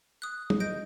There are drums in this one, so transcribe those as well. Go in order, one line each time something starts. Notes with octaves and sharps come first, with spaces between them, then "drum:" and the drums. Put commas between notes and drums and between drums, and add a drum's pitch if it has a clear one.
D#6 F#6
drum: tom
D#5 G6 A#6 D7